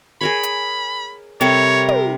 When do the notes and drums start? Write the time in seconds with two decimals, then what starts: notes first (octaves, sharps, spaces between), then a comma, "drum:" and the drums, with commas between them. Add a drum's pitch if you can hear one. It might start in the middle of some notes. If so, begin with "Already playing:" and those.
0.21 G#4 A#4 C#5 B5
0.43 drum: hi-hat
1.41 C3 G3 A4 A#4 C#5, drum: hi-hat
1.89 drum: tom